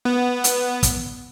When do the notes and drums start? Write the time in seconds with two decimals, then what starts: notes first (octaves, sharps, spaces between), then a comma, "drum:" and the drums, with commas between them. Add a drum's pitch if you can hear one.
0.05 B3
0.44 drum: hi-hat
0.83 drum: kick, hi-hat